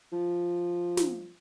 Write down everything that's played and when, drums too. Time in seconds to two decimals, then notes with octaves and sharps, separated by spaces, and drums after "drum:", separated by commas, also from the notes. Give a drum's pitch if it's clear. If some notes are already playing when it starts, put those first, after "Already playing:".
0.13 F3
0.97 drum: snare